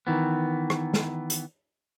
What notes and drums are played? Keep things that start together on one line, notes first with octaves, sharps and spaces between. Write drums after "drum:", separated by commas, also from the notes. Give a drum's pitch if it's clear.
D#3 E3 B3
drum: rim click
drum: snare
drum: hi-hat